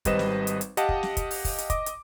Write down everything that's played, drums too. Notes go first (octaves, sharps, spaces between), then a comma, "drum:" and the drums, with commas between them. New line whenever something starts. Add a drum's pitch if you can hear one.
G#1 G3 B4 C5 D#5 E7, drum: kick, hi-hat
drum: snare
drum: hi-hat
drum: hi-hat
G4 D#5 F5 F#5 A5, drum: hi-hat
drum: kick
drum: snare
drum: kick, hi-hat
drum: open hi-hat
drum: kick, open hi-hat
drum: hi-hat
D#5 D6, drum: kick, hi-hat
drum: hi-hat